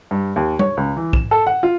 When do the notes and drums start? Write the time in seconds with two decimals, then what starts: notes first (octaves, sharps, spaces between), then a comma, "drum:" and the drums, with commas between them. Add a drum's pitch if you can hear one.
0.11 G2
0.36 D#2
0.59 C#5, drum: tom G3
0.77 C#2
0.97 E3
1.13 E7, drum: kick
1.31 A4
1.47 F#5
1.63 F4